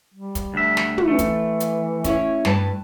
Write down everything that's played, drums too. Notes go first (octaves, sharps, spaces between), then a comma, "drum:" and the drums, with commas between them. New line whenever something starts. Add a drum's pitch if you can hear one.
G3
drum: kick, hi-hat
D2 E5
drum: snare
drum: tom
E3 A3
drum: kick, hi-hat
drum: hi-hat
C#4 E4 C#5, drum: kick, hi-hat
G2 B4 A5, drum: snare